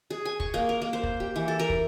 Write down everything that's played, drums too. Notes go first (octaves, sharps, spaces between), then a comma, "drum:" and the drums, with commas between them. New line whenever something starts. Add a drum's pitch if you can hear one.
G#4
G#5
C#6, drum: kick
A#3
A#4
A#3
C5
drum: kick
G4
E3
A4
A#4
drum: kick